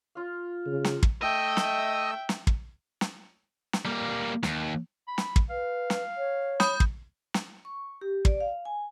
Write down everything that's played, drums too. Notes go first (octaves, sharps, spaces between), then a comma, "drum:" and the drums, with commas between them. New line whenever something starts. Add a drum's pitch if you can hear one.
F4 F5
C#3
drum: snare
drum: kick
A3 D#5 E5 G5 E6
drum: snare
drum: snare
drum: kick
drum: snare
drum: snare
G3 A#3
D#2, drum: snare
B5
drum: snare
drum: kick
B4 F5
drum: snare
C#5
B5 D#6 G6, drum: snare
drum: kick
drum: snare
C#6
G4
D5, drum: kick
F5
G#5